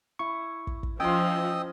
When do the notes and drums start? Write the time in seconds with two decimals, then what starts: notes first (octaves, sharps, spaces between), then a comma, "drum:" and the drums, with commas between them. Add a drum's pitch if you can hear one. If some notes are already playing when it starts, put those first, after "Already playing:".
0.19 E4 C#6
0.67 drum: kick
0.83 drum: kick
1.00 F3 C#4 D#5 G5 C6 D#6 E6